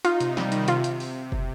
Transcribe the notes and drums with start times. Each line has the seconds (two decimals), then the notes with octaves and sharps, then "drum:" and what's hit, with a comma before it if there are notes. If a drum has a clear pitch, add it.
0.05 D#4 F4, drum: hi-hat
0.20 C3, drum: hi-hat
0.37 G3, drum: snare
0.52 D#3, drum: hi-hat
0.68 C3 F4, drum: hi-hat
0.84 C3, drum: hi-hat
1.00 drum: open hi-hat
1.32 drum: kick